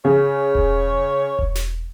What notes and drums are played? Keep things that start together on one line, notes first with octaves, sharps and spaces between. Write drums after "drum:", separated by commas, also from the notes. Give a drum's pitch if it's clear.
C#3 C#5
drum: kick E1
drum: kick E1
drum: snare